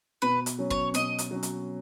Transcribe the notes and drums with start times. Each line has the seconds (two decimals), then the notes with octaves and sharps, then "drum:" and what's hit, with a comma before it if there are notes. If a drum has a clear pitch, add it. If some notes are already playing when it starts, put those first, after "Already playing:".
0.22 B2 B4
0.46 drum: hi-hat
0.58 F#3 C#4
0.71 C#5, drum: kick
0.94 B2 D#5, drum: hi-hat
1.18 drum: hi-hat
1.31 F#3 C#4
1.43 drum: hi-hat